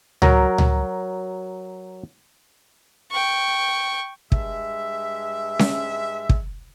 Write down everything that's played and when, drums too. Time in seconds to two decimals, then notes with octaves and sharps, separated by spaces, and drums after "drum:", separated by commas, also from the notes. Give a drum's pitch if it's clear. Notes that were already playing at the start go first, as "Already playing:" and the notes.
0.22 F#3 A#4, drum: tom C#2
0.58 drum: tom C#2
3.11 G5 C#6
4.32 G2 G#3 E5, drum: kick
5.59 drum: snare C#4
6.29 drum: kick